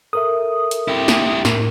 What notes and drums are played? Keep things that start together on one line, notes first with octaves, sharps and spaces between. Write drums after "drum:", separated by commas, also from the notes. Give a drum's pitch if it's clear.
A4 A#4 E5 D#6
drum: hi-hat
E4 G4
drum: snare
A2 A#4, drum: snare